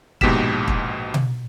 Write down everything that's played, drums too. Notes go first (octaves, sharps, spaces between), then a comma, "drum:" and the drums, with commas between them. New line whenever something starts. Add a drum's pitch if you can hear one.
A#1 G#2 B2 G4 B6 E7, drum: kick
drum: kick
drum: tom B2